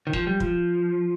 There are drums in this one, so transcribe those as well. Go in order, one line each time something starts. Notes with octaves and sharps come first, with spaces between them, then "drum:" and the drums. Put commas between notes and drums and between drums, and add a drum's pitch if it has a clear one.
D#3
F3, drum: kick
G3
F3, drum: kick